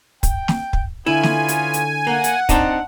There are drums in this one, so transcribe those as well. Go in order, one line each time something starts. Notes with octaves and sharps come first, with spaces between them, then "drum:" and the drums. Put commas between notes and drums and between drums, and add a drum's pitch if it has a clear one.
G5, drum: kick, hi-hat
drum: snare
drum: kick
D3 B3 C#4 E4 F4 G#5
drum: snare
drum: hi-hat
drum: hi-hat
A#3 F#5
drum: hi-hat
C4 D4 D#4 A5, drum: kick, hi-hat